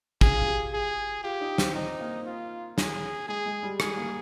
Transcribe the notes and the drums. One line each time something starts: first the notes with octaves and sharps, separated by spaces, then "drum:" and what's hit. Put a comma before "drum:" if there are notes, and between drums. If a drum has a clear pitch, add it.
F4 G#4, drum: kick
F4
G4
G#4
F4 G4
D#4
C4, drum: snare
C4 D#4
A#3
F4
G#4, drum: snare
G#3 G#4
G#3
G3
G#3 G#4, drum: rim click
A#3